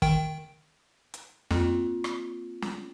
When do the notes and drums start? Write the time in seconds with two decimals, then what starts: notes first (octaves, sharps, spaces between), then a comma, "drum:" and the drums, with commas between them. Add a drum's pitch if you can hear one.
0.02 D#3 G5, drum: kick
1.14 drum: hi-hat
1.51 F2 A#3 C4 F4, drum: snare
2.04 drum: rim click
2.62 drum: snare